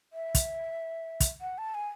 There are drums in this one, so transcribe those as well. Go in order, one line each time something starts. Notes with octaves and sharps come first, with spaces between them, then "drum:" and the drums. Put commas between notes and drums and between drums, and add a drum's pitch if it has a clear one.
E5
drum: kick, hi-hat
drum: kick, hi-hat
F#5
A5
G#5